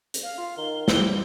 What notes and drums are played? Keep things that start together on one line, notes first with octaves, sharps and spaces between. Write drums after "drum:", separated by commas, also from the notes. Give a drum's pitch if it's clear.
drum: hi-hat
F5
F4
D#3 G7
G3 C4, drum: snare